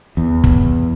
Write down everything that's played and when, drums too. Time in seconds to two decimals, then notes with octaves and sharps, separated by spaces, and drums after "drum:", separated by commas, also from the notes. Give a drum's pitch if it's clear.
0.17 E2
0.44 drum: kick